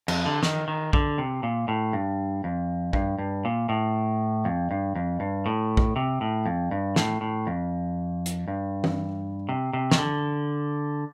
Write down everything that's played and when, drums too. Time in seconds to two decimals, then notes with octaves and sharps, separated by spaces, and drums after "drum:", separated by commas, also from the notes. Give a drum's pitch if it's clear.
0.08 F2, drum: cymbal
0.26 D3
0.43 D#3, drum: snare
0.68 D#3
0.93 D3, drum: kick A#1
1.18 C3
1.43 A#2
1.68 A2
1.93 G2
2.44 F2
2.93 G2, drum: kick A#1
3.18 G2
3.45 A#2
3.69 A2
4.45 F2
4.71 G2
4.95 F2
5.20 G2
5.46 A2
5.77 drum: kick A#1
5.96 C3
6.21 A2
6.46 F2
6.71 G2
6.96 A2, drum: snare
7.21 A2
7.47 F2
8.26 drum: hi-hat
8.48 G2
8.84 drum: tom
9.49 C3
9.73 C3
9.91 D#3, drum: snare
9.98 D3